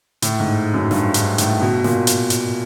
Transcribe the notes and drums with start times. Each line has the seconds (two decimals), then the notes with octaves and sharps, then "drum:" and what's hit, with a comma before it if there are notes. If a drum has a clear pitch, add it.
0.22 A2, drum: hi-hat
0.40 G#2
0.74 F#2
0.91 G2, drum: snare
1.14 G#2, drum: hi-hat
1.38 A2, drum: hi-hat
1.61 B2
1.84 A#2, drum: snare
2.07 drum: hi-hat
2.30 drum: hi-hat